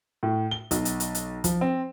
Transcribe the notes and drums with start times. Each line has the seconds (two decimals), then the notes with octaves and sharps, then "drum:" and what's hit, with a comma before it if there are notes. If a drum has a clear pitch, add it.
0.23 A2
0.51 G7
0.71 B1, drum: kick, hi-hat
0.85 drum: hi-hat
1.00 drum: hi-hat
1.15 drum: hi-hat
1.44 F3, drum: kick, hi-hat
1.61 C4